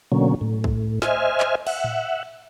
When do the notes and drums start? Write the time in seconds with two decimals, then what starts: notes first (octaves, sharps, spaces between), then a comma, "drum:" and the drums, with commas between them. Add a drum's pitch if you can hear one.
0.12 B2 D3 F#3 A#3 C#4
0.41 A2
0.64 drum: kick
1.02 C5 D#5 E5 G#5 F6, drum: snare
1.40 drum: clap
1.67 E5 F#5, drum: cymbal
1.84 drum: tom A2